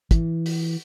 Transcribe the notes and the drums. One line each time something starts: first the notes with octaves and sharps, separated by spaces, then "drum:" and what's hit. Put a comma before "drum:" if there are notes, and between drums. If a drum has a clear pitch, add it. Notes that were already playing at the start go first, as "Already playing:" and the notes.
E3, drum: kick, hi-hat
drum: open hi-hat